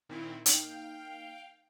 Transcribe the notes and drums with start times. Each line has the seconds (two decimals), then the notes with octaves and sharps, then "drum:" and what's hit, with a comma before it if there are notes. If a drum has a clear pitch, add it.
0.09 A#2 D#3 C4 E4
0.46 A#3 D#4 F5 G5, drum: hi-hat